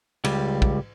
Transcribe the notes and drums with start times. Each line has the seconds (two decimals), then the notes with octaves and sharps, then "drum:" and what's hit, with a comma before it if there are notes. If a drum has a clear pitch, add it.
0.24 C#2 G3, drum: cymbal
0.62 drum: kick